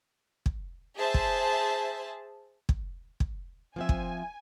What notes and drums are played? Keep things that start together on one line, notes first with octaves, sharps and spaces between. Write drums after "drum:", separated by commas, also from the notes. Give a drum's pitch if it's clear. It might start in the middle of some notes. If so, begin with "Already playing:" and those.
drum: kick
G#4 C5 E5 A5
drum: kick
drum: kick
drum: kick
F3 C4 E5 G#5
drum: kick